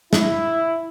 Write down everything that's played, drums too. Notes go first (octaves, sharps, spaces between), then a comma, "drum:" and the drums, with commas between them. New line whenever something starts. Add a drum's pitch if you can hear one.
E4, drum: snare